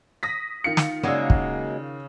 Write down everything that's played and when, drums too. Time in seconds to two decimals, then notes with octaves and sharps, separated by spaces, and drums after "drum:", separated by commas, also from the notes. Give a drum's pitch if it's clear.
0.23 D#6 A#6 B6
0.64 D#3 F4 C#7
0.77 drum: snare
1.03 C#3 F#3 G#3 A#3 E6
1.30 drum: kick